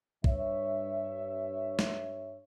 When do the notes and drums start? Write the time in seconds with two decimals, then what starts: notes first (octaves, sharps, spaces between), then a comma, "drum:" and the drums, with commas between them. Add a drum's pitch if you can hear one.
0.24 G2 C#5 E5, drum: kick
1.79 drum: snare